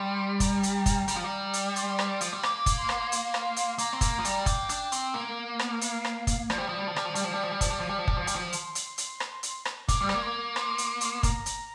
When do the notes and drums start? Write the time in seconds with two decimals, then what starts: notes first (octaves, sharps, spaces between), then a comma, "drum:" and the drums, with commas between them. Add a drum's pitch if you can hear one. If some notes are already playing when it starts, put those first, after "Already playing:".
Already playing: G3 C6
0.40 A#5, drum: kick, hi-hat
0.63 drum: hi-hat
0.86 drum: kick, hi-hat
1.08 G3, drum: hi-hat
1.16 F3
1.24 G3
1.53 drum: hi-hat
1.76 C6, drum: hi-hat
1.99 drum: rim click
2.21 F3, drum: hi-hat
2.33 G3
2.43 A#3 D6, drum: rim click
2.66 drum: kick, hi-hat
2.78 C6
2.89 drum: rim click
3.12 C6, drum: hi-hat
3.34 drum: rim click
3.56 drum: hi-hat
3.78 A#3 A#5, drum: hi-hat
3.93 C4
4.01 A#3, drum: kick, hi-hat
4.19 F3
4.25 G3, drum: hi-hat
4.46 A#3 G5, drum: kick, hi-hat
4.69 D4, drum: hi-hat
4.92 C4, drum: hi-hat
5.14 A#3
5.59 drum: rim click
5.81 F5, drum: hi-hat
6.05 drum: rim click
6.27 drum: kick, hi-hat
6.50 F3 D5, drum: rim click
6.58 G3 C5
6.67 F3 D5
6.78 G3
6.87 F3
6.96 G3, drum: rim click
7.05 F3
7.15 G3, drum: hi-hat
7.24 F3
7.34 G3
7.43 F3
7.52 G3
7.61 F3, drum: kick, hi-hat
7.70 G3
7.80 F3
7.89 G3
7.98 F3
8.08 G3, drum: kick
8.17 F3
8.27 G3, drum: hi-hat
8.35 F3
8.53 C6, drum: hi-hat
8.75 drum: hi-hat
8.98 drum: hi-hat
9.20 drum: rim click
9.43 drum: hi-hat
9.65 drum: rim click
9.88 A#3 D6, drum: kick, hi-hat
10.02 G3 F6
10.09 D6, drum: rim click
10.14 A#3
10.22 C6
10.26 D6
10.56 C6, drum: rim click
10.78 drum: hi-hat
11.01 drum: hi-hat
11.23 A#5, drum: kick, hi-hat
11.46 drum: hi-hat